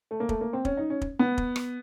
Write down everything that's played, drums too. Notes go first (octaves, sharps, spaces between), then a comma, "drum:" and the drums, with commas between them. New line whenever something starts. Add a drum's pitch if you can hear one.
A3
A#3
A3, drum: kick
A#3
C4
C#4, drum: kick
D#4
C#4
drum: kick
B3
drum: kick
drum: rim click